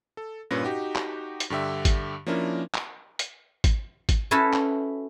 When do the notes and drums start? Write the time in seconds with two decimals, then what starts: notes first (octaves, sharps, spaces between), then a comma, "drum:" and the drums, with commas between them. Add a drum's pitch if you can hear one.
0.17 A4
0.51 G2 A#2 C#4 B4 A#6
0.63 D#4 F#4 G4
0.96 drum: clap
1.40 drum: hi-hat
1.50 G2 D3 G4 E5
1.85 drum: kick G#1, hi-hat
2.26 F3 A#3 C#4 D4 E4 A#4
2.75 drum: clap
3.19 drum: hi-hat
3.64 drum: kick G#1, hi-hat
4.09 drum: kick G#1, hi-hat
4.31 C#4 E4 F#4 A4 B4 C#5
4.53 drum: clap